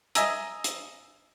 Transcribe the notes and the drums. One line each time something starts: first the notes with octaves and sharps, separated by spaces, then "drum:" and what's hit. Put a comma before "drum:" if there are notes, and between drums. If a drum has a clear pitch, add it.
D#5 E5 G#5 A#5 E6, drum: hi-hat
drum: hi-hat